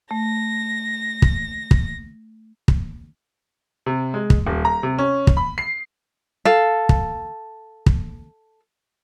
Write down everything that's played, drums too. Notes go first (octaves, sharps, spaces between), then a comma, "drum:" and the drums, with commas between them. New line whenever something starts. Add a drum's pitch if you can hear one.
A3 A#6
drum: kick
drum: kick
drum: kick
C3
G#3
drum: kick
D#1
A#5
C3
C#4
drum: kick
B5
C7
A4 F5
drum: kick
drum: kick